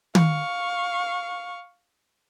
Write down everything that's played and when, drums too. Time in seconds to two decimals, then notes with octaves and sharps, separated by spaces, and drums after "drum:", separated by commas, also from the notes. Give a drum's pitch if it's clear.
0.15 F5 C#6, drum: tom